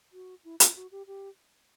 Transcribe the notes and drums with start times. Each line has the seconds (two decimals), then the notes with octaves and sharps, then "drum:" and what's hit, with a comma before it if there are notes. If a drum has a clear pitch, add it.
0.13 F#4
0.45 E4
0.60 F4, drum: hi-hat
0.76 F#4
0.92 G4
1.07 G4